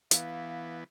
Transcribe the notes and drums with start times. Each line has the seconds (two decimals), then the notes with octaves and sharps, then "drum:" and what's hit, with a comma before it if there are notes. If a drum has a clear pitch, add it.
0.11 E3 B3 F5, drum: hi-hat